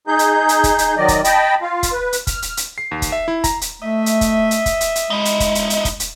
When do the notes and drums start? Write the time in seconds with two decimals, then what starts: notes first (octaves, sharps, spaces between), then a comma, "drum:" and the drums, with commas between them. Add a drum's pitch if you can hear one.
0.07 D#4 G#4 G6
0.19 drum: hi-hat
0.49 drum: hi-hat
0.64 drum: kick, hi-hat
0.78 drum: hi-hat
0.97 D#3 F#3 D5 D#5
1.08 drum: kick, hi-hat
1.24 D#5 G5 A5 B5, drum: hi-hat
1.62 F4 F5
1.83 drum: kick, hi-hat
1.92 B4
2.13 drum: hi-hat
2.27 F6, drum: kick, hi-hat
2.42 drum: hi-hat
2.57 drum: hi-hat
2.78 C7
2.91 D#2
3.02 drum: kick, hi-hat
3.12 E5
3.28 E4
3.44 A#5, drum: kick, hi-hat
3.61 drum: hi-hat
3.82 A3 D#5 E5
4.06 drum: hi-hat
4.21 drum: kick, hi-hat
4.51 drum: hi-hat
4.66 drum: kick, hi-hat
4.81 drum: hi-hat
4.95 drum: hi-hat
5.10 G#3 D#4 E4
5.25 drum: hi-hat
5.40 drum: kick, hi-hat
5.55 drum: hi-hat
5.70 drum: hi-hat
5.85 drum: kick, hi-hat
6.00 drum: hi-hat